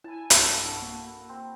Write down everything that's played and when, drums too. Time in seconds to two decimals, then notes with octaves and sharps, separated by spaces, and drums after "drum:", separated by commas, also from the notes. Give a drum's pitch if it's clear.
0.04 E4 G#5 A5
0.30 B1 G2 E4 F#4 A4 A5, drum: hi-hat
0.82 A#3
1.29 C4